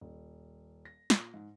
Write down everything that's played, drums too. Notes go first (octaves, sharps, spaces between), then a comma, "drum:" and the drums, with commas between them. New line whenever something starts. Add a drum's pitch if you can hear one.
D#1
A#6
A#2, drum: snare
G#2